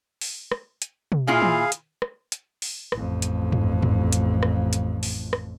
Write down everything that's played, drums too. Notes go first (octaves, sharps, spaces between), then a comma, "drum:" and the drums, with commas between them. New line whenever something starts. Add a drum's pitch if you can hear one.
drum: open hi-hat
drum: rim click
drum: hi-hat
drum: tom
A#2 E4 F4 G#4 F5
drum: tom
drum: hi-hat
drum: rim click
drum: hi-hat
drum: open hi-hat
A1 F2, drum: rim click
drum: hi-hat
drum: tom G2
drum: tom G2
drum: hi-hat
drum: rim click
drum: hi-hat
drum: open hi-hat
drum: rim click